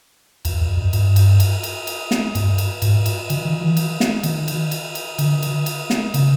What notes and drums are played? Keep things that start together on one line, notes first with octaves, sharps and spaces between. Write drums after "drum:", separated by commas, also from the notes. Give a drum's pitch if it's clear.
E2, drum: cymbal
F2
F#2
G2, drum: cymbal
drum: cymbal
drum: cymbal
drum: cymbal
drum: cymbal
drum: snare
G2, drum: cymbal
drum: cymbal
G#2, drum: cymbal
drum: cymbal
D3, drum: cymbal
D#3
E3
drum: cymbal
drum: snare
D#3, drum: cymbal
drum: cymbal
drum: cymbal
drum: cymbal
D3, drum: cymbal
drum: cymbal
drum: cymbal
drum: snare
C#3, drum: cymbal